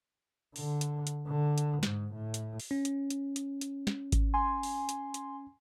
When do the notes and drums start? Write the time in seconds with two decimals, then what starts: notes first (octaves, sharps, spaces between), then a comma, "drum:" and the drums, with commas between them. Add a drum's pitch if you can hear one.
0.56 D3, drum: open hi-hat
0.81 drum: hi-hat
1.07 drum: hi-hat
1.27 D3
1.58 drum: hi-hat
1.83 G#2, drum: snare
2.14 A2
2.34 drum: hi-hat
2.60 drum: open hi-hat
2.71 C#4
2.85 drum: hi-hat
3.10 drum: hi-hat
3.36 drum: hi-hat
3.61 drum: hi-hat
3.87 drum: snare
4.12 drum: kick G#1, hi-hat
4.34 G#5 C6
4.63 drum: open hi-hat
4.89 drum: hi-hat
5.14 drum: hi-hat